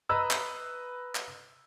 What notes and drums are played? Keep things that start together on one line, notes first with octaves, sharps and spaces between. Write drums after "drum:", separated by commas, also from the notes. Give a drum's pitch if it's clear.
B4 D#5 A#5 B5 E6
drum: clap
drum: clap